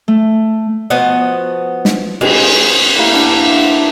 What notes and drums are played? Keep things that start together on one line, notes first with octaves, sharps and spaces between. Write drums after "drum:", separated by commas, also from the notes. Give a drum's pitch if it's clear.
A3
F3 B3 F#4 D#5
drum: snare
G#3, drum: cymbal
A2 G3 A#3 E4
E3 D4 D5 F#5
F#5